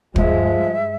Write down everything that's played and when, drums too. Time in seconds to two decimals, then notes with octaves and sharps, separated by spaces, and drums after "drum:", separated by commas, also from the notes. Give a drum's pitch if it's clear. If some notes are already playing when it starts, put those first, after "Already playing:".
0.16 G2 F3 G#3 E5, drum: kick